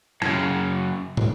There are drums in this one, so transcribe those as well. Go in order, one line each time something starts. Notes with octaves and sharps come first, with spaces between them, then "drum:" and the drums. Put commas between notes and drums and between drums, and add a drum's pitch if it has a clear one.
F#2 C#3, drum: rim click
drum: tom